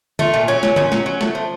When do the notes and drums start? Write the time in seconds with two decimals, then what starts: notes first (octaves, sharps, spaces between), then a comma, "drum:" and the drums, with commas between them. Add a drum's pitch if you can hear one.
0.19 A3 F4, drum: tom D3
0.34 A#2
0.48 F#3 C#4
0.63 F#3, drum: snare
0.76 A#2 C#4, drum: tom D3
0.92 F#3, drum: snare
1.06 F#3
1.21 A3, drum: snare
1.35 F3